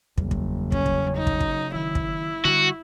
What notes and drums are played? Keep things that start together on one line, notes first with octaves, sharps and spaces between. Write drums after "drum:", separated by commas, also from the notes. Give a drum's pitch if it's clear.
F#1 E2 G3, drum: kick
drum: kick
C#4, drum: kick
drum: kick
D#4
drum: kick
drum: kick
D#3 E4
drum: kick
D3 D#3 G3 F#4